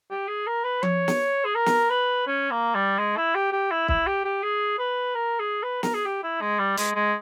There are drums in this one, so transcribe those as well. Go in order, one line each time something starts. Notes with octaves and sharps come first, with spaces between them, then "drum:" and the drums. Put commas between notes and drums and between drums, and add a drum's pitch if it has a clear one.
G4
G#4
A#4
B4
C#5, drum: tom F3
drum: snare
G#4
A#4
drum: snare
B4
C#4
A#3
G3
G#3
E4
G4
G4
E4
E4, drum: kick B1
G4
G4
G#4
B4
A#4
G#4
B4
A#4, drum: snare
G#4
G4
E4
G#3
G3
G#3, drum: hi-hat
G#3